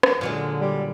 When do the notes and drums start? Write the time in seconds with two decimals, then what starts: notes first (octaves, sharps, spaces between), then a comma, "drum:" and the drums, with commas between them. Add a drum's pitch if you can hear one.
0.03 drum: rim click
0.21 A#2 D3 F#3 G#3
0.61 G3